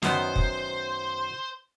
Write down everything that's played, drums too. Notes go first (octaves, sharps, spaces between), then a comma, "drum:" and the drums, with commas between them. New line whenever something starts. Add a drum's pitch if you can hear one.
F#2 D#3 B3 C5, drum: snare
drum: kick